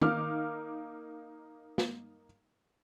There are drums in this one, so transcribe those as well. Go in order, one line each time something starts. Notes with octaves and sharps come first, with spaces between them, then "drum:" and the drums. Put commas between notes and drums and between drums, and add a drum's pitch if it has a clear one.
A#3 D#4 D6 F6, drum: tom D#3
drum: snare